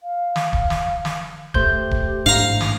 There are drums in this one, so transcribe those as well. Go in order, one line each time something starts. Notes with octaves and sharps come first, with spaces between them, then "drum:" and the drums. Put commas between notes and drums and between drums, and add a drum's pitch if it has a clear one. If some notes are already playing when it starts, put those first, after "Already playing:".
F5
drum: snare
drum: kick D1
drum: snare
drum: snare
A3 G4 C5 G6, drum: kick D1
drum: kick D1
A1 G#2 D4 F5 A#5
drum: snare